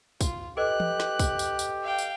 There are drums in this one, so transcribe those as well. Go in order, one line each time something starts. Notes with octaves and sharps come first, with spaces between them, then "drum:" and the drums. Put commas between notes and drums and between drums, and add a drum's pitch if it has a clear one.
F4, drum: kick, tambourine
G4 A4 B4 D#5 F#6
drum: tom
drum: snare
drum: kick, tambourine
drum: tambourine
drum: tambourine
F5 G5
drum: tambourine